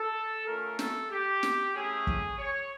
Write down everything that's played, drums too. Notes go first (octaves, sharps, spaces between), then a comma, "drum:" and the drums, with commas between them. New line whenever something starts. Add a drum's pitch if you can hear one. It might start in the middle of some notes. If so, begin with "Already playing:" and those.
Already playing: A4
A3 C#4 F4 A#4
A4, drum: snare
G4
drum: snare
A3 C#4 E4 G4 G#4
drum: kick
C#5